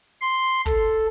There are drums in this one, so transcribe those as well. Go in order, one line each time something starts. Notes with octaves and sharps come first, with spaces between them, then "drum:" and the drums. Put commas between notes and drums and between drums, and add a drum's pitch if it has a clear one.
C6
A4, drum: kick